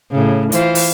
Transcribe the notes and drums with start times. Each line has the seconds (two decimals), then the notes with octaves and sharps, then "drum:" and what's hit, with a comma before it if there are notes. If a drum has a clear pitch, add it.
0.12 A2 C#3
0.52 E3 F4 C5, drum: hi-hat
0.75 drum: open hi-hat